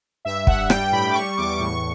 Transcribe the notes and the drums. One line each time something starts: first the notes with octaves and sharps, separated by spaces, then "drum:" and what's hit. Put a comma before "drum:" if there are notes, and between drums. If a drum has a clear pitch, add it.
G2 E5
G2 F#5, drum: kick
G3 G5, drum: rim click
A2 B5
D6
G3 C#6
E2 D6
A2 C#6